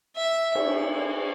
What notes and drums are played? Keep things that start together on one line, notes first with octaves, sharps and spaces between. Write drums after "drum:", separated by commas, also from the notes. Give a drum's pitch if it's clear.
E5
drum: cymbal